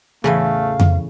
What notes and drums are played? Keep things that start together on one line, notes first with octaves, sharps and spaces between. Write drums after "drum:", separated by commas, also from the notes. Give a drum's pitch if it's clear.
E2 A2 C#3 E3 A3 F5
drum: tom F2